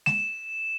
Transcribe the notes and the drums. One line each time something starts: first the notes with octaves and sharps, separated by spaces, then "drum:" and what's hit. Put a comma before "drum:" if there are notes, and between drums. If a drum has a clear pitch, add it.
E7, drum: snare G#3